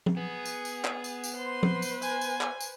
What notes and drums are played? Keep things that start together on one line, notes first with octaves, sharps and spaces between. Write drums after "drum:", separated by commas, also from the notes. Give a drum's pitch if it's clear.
drum: tom F3
B3 G#4
drum: tambourine
drum: tambourine
drum: clap
drum: tambourine
drum: tambourine
B4 C5 C6
drum: tom F3
drum: tambourine
G#5, drum: tambourine
drum: tambourine
drum: clap
drum: tambourine